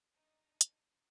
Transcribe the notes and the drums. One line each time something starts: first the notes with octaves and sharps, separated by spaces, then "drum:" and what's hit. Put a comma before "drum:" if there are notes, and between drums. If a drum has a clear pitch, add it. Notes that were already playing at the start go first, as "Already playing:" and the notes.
D4 D#4
drum: hi-hat